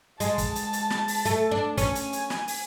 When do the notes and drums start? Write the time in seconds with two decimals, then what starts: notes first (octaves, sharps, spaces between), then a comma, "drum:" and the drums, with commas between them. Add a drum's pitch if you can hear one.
0.20 G#3 A5, drum: hi-hat
0.38 drum: kick, hi-hat
0.55 drum: hi-hat
0.73 drum: hi-hat
0.90 drum: snare
1.08 drum: open hi-hat
1.25 A3, drum: hi-hat
1.51 D4
1.78 C#4 G#5, drum: kick, hi-hat
1.95 drum: hi-hat
2.13 drum: hi-hat
2.30 drum: snare
2.48 drum: open hi-hat